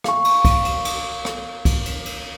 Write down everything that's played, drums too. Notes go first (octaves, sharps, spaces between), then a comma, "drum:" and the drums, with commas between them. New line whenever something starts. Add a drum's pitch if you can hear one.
F5 C#6, drum: rim click
drum: cymbal
drum: kick, cymbal
drum: cymbal
drum: cymbal
drum: rim click
drum: kick, cymbal
drum: cymbal
drum: cymbal